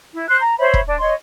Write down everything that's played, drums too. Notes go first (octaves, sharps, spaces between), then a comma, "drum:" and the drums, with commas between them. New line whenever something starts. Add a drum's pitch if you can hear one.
E4
C5 F#6
A#5
C5 C#5 E5 B5
drum: kick
D4
C#5 D#5 C6